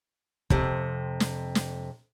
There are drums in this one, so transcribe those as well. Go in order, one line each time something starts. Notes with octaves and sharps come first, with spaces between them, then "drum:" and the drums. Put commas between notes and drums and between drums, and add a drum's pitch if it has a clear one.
F2 C3, drum: kick
drum: snare
drum: snare